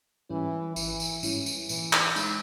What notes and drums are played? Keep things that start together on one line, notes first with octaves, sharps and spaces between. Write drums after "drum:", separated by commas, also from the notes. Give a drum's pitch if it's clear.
G#2 E3 G3 C#4 E4
G#1 E3, drum: tambourine
drum: tambourine
G#2 G3 C#4 E4, drum: tambourine
drum: tambourine
A#2 E3, drum: tambourine
drum: clap
G#3 D#4, drum: tambourine